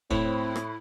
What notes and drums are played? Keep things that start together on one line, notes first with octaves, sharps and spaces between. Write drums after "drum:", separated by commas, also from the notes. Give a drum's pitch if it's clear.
A2 C4 E4 C5 C#5, drum: kick
drum: rim click